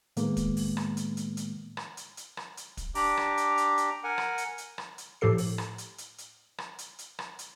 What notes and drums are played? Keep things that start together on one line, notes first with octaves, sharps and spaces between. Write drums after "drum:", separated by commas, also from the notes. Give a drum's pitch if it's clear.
A2 D#3 G#3 A#3 B3, drum: hi-hat
drum: kick, hi-hat
drum: open hi-hat
drum: rim click
drum: hi-hat
drum: hi-hat
drum: hi-hat
drum: rim click
drum: hi-hat
drum: hi-hat
drum: rim click
drum: hi-hat
drum: kick, hi-hat
D4 G4 A#5 D6, drum: open hi-hat
drum: rim click
drum: hi-hat
drum: hi-hat
drum: hi-hat
A#4 F#5 G#5
drum: rim click
drum: hi-hat
drum: hi-hat
drum: rim click
drum: hi-hat
A2 F3 G4 A4 C7
drum: open hi-hat
drum: rim click
drum: hi-hat
drum: hi-hat
drum: hi-hat
drum: rim click
drum: hi-hat
drum: hi-hat
drum: rim click
drum: hi-hat